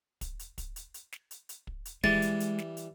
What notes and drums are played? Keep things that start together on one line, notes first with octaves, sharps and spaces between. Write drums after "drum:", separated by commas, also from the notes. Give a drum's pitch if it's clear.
drum: kick, hi-hat
drum: hi-hat
drum: kick, hi-hat
drum: hi-hat
drum: hi-hat
drum: snare
drum: hi-hat
drum: hi-hat
drum: kick
drum: hi-hat
E3 G3 G#3 A6, drum: kick
drum: hi-hat
drum: hi-hat
drum: snare
drum: hi-hat